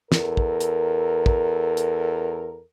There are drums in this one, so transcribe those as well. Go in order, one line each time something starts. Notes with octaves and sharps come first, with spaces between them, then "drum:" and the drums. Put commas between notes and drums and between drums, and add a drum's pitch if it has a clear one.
E2 A4 A#4, drum: snare
drum: kick
drum: hi-hat
drum: kick
drum: hi-hat